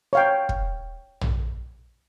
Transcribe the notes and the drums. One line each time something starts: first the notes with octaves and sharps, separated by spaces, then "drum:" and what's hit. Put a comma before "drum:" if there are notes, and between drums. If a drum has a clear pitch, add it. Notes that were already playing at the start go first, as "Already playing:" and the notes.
C#5 F5 G5
drum: kick
drum: tom